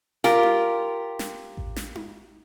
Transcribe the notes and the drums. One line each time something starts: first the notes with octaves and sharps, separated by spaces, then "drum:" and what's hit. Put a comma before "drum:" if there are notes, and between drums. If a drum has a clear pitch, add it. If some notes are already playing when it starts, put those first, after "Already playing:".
F4 G4 A#4, drum: snare
drum: tom D#4
drum: snare
drum: kick A1
drum: snare
drum: tom D#4